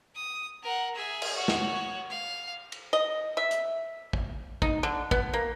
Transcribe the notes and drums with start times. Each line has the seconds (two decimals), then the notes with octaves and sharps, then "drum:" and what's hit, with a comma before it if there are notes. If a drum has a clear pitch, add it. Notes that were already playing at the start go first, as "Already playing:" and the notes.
0.15 D#6
0.63 A#4 F#5
0.95 G#4 E5
1.22 drum: cymbal
1.35 F#4 C#5
1.48 drum: snare
2.09 F5
2.72 drum: cymbal
2.93 D#5
3.37 E5
3.51 drum: hi-hat
4.13 drum: kick
4.62 D#4, drum: kick
4.83 D3
5.11 B3, drum: kick
5.34 A#3